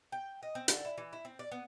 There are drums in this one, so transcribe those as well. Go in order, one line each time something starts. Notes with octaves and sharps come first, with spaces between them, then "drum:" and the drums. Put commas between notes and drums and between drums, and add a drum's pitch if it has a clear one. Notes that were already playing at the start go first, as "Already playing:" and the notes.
G5
D#5
C4
D3, drum: hi-hat
E4
E3
E4
C4
D5
B3